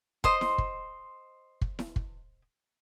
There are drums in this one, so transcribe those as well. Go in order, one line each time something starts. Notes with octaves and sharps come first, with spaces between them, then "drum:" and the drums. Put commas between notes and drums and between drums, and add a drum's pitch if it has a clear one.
C5 D#5 C6, drum: kick
drum: snare E4
drum: kick
drum: kick
drum: snare E4
drum: kick